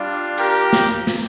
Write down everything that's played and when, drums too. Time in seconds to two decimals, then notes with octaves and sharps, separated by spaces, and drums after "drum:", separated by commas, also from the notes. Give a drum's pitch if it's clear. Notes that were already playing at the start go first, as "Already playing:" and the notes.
Already playing: G3 D4 F4
0.38 G4 A#4, drum: hi-hat
0.73 drum: snare
1.07 drum: snare